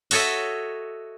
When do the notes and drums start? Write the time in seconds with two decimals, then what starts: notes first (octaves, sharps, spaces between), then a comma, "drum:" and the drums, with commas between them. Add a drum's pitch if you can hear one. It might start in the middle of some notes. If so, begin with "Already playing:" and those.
0.11 F#4 A4 C#5 D#5 E5, drum: open hi-hat